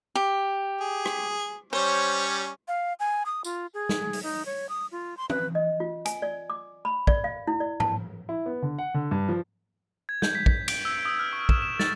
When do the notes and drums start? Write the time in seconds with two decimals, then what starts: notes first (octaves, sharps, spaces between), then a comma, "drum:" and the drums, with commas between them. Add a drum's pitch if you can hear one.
0.15 G4
0.80 G#4
1.05 drum: rim click
1.73 G3 C#4 C5 C#5
2.68 F5
3.00 G#5
3.26 D#6
3.44 F4, drum: tambourine
3.74 G#4
3.89 drum: snare
4.13 drum: open hi-hat
4.23 D#4
4.46 C#5
4.69 D#6
4.92 F4
5.17 C6
5.30 B4, drum: tom
5.55 D#5
5.80 F4
6.06 G#5, drum: hi-hat
6.22 D5
6.50 D6
6.85 B5
7.07 D5, drum: kick
7.24 F5
7.48 E4
7.60 D5
7.80 A5, drum: tom G#2
8.29 E4
8.46 B3
8.62 D3
8.78 F#5
8.94 D3
9.11 G2
9.29 F3
10.09 G#6
10.22 G6, drum: snare
10.35 B6
10.46 B6, drum: kick
10.68 D7, drum: cymbal
10.85 E6
11.05 D#6
11.19 F6
11.33 C#6
11.49 E7, drum: kick
11.62 E7
11.79 A6, drum: snare